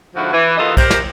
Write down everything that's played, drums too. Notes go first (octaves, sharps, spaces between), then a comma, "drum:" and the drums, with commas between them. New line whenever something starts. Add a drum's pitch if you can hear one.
G#2 D3 F3 E4 F#4
E3
D#2 E3 B3 F4 A4 D#5
G4 A#4 C5, drum: kick, cymbal
drum: snare